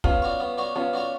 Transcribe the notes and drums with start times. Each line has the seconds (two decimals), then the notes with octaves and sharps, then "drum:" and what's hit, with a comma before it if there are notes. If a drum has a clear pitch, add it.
0.04 B3 C#4 F4, drum: kick
0.22 D4 F#4 C#5
0.40 B3
0.58 D4 F#4 C#5
0.75 B3 C#4 F4
0.93 D4 F#4 C#5